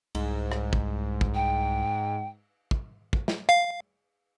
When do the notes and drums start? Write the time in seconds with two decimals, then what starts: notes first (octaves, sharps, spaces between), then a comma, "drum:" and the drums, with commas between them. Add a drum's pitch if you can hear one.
0.15 C2 G#2, drum: cymbal
0.52 drum: rim click
0.73 drum: kick
1.21 drum: kick
1.35 G5
2.71 drum: kick
3.13 drum: kick
3.28 drum: snare
3.49 F5